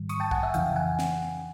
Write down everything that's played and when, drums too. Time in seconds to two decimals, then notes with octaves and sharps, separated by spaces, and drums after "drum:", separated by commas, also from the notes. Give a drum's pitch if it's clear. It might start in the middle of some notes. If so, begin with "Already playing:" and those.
Already playing: G#2 D#3 G3
0.09 C#6 D#6, drum: hi-hat
0.20 G5 A5
0.31 F#5 G#5, drum: kick
0.43 E5 F#5
0.54 F2 C#3 E3 F5 G5, drum: hi-hat
0.76 F#5 G#5
0.99 drum: snare